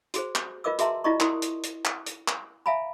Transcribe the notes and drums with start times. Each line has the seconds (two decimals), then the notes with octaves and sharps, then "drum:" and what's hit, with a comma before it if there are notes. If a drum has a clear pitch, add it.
0.14 F#4 G#4 C5, drum: hi-hat
0.35 drum: clap
0.64 F4 A#4 B4 D#5 D6 E6
0.79 F#4 G#4 E5 A5 A#5 C6, drum: hi-hat
1.04 E4 F4 D5 D#5 A#5 C#6
1.20 E4 A#4 C6 D#6, drum: clap
1.42 drum: hi-hat
1.64 drum: hi-hat
1.85 drum: clap
2.06 drum: hi-hat
2.28 drum: clap
2.66 E5 F5 G#5 A#5 B5